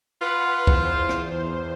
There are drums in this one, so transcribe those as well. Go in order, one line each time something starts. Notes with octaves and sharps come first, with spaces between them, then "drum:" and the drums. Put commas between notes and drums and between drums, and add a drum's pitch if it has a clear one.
F4 B4 F#5
E2 C5, drum: kick C2
drum: rim click